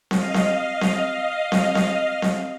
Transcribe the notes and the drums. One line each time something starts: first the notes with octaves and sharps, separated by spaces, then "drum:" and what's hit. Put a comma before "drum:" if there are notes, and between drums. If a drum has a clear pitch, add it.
D#5 F5, drum: snare C4
drum: snare C4
drum: snare C4
drum: snare C4
drum: snare C4
drum: snare C4